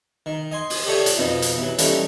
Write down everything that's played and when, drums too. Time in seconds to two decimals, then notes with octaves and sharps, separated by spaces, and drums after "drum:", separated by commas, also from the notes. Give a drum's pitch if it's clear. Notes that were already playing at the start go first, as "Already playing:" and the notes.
0.26 D#3
0.51 D#5 G#5 C6
0.70 drum: open hi-hat
0.87 G4 A4 C#5 D5 E5
1.06 drum: hi-hat
1.18 F2 B2 D#4
1.42 drum: hi-hat
1.57 E3 F#3
1.78 E3 G3 A3 C#4 D#4, drum: hi-hat